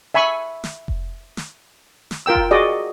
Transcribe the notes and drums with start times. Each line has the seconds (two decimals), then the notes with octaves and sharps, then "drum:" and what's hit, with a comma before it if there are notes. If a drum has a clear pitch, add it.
0.14 E5 G#5 B5 C#6
0.64 drum: snare
0.88 drum: kick F1
1.37 drum: snare
2.11 drum: snare
2.26 F4 A#4 G5 E6
2.35 drum: kick F1
2.51 F#4 G#4 D5 D#5